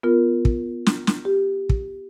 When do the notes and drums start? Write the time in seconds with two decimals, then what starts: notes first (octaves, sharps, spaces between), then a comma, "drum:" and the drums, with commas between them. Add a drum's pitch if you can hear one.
0.03 B3 F4 A#4
0.45 drum: kick
0.86 drum: snare
1.07 drum: snare
1.25 G4
1.69 drum: kick